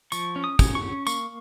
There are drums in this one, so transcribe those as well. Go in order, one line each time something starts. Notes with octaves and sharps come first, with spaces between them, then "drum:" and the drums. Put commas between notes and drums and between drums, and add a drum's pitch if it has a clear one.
F3 C#6, drum: tambourine
C#4
D#6
C#4, drum: kick, tambourine
C#6
C#4
A#3 C#6, drum: tambourine